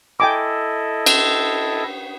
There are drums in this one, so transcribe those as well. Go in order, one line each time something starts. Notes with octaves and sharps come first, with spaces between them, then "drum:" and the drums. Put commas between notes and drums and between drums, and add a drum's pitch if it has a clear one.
E4 A4 D#5 G5 G#5 D6
drum: cymbal